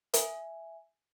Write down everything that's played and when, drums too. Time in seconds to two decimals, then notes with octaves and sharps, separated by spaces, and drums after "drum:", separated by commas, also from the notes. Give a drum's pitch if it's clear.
0.14 E5 G#5, drum: hi-hat